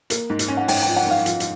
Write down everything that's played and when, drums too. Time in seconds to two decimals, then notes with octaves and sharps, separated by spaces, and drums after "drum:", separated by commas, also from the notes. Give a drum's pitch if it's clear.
0.10 A#3, drum: hi-hat
0.30 G#2
0.39 drum: hi-hat
0.48 C#4
0.57 F#5
0.68 G#2 G5, drum: open hi-hat
0.83 F3 G5
0.96 F#5
1.07 G#2 F5
1.26 F3, drum: hi-hat
1.40 drum: hi-hat